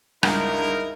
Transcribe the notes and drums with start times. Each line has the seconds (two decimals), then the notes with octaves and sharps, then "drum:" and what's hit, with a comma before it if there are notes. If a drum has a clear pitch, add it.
0.23 G1 C#2 G2 D#4 E4 A#4, drum: rim click